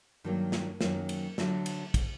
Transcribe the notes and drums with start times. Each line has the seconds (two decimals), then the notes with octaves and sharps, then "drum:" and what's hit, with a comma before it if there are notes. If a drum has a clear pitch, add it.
0.24 G2 D#3 F#3 A#3
0.52 drum: snare
0.81 F#2 D#3 F#3 A#3, drum: snare
1.09 drum: cymbal
1.38 D3 F#3 A3, drum: snare
1.66 drum: cymbal
1.94 drum: kick, cymbal